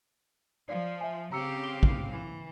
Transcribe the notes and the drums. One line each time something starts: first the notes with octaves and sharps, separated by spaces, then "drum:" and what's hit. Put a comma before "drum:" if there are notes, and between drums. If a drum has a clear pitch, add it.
F3 D5 F5
E5 G#5
C#3 C4 G4 F5 A#5 E6 C#7
D6 G7
drum: kick A#1
E3